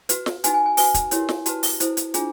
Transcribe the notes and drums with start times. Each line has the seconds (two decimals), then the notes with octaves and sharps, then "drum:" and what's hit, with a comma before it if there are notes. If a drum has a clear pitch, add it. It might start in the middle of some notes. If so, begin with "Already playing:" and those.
0.09 F#4 B4, drum: hi-hat
0.26 drum: snare
0.44 D#4 F#4 B4 G#5, drum: hi-hat
0.54 G#5
0.66 G#5
0.77 F#4 B4 G#5, drum: open hi-hat
0.94 drum: kick, hi-hat
1.11 E4 G4 A#4 C#5, drum: hi-hat
1.29 drum: snare
1.46 F#4 B4 A5, drum: hi-hat
1.63 drum: open hi-hat
1.80 E4 A4 C5, drum: hi-hat
1.97 drum: hi-hat
2.14 D4 F4 G#4, drum: hi-hat